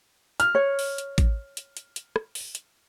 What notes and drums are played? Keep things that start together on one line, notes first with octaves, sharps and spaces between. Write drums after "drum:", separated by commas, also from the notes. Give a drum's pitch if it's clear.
F6, drum: hi-hat
C#5
drum: open hi-hat
drum: hi-hat
drum: kick A1, hi-hat
drum: hi-hat
drum: hi-hat
drum: hi-hat
drum: rim click
drum: open hi-hat
drum: hi-hat